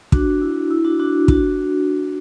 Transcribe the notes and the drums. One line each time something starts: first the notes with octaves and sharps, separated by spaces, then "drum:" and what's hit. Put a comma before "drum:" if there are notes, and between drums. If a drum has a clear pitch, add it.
D4 F#4, drum: kick
E4
E4
D4 F#4
D4 F#4
D4 F#4, drum: kick